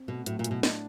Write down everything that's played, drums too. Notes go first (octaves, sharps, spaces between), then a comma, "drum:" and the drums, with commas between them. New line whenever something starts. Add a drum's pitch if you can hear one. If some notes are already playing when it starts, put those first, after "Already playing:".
Already playing: C4
B2 A3
A2 F#3, drum: hi-hat
A#2
A2, drum: hi-hat
B2
D4, drum: snare